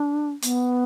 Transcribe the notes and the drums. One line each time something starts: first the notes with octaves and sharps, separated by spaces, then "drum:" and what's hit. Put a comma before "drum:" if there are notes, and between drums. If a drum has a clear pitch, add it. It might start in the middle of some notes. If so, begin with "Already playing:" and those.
Already playing: D4
B3, drum: hi-hat